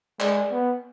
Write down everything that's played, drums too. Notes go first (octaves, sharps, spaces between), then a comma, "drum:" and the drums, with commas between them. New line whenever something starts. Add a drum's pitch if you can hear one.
G#3 D5, drum: clap
B3